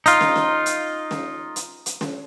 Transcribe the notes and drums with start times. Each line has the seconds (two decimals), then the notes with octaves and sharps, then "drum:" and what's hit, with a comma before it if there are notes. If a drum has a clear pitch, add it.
0.06 D#4 F4, drum: hi-hat
0.21 drum: snare
0.36 drum: snare
0.66 drum: hi-hat
1.11 drum: snare
1.56 drum: hi-hat
1.86 drum: hi-hat
2.01 drum: snare